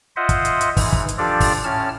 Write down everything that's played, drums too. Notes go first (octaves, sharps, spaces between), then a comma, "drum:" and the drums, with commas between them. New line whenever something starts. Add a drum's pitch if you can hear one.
F4 C5 D#5 E5 F#5
drum: kick, hi-hat
drum: hi-hat
drum: hi-hat
G#2 E3, drum: kick, open hi-hat
drum: kick
drum: hi-hat
F3 D4 F4 G4 A4 D5
drum: kick, open hi-hat
A2 C#4 A5 F6